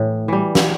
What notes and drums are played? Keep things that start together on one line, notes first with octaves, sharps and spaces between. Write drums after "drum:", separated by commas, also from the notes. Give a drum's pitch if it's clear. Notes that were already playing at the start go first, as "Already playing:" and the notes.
Already playing: A2 E3
E3 G3
drum: snare